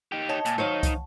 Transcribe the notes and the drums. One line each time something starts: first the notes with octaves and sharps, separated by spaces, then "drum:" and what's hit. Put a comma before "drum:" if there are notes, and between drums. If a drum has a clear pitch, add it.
D#4 G4
C#5 D#5 A5
A#2, drum: hi-hat
D#3 F#3 D#4 C5 C#5 F5
drum: kick C2, hi-hat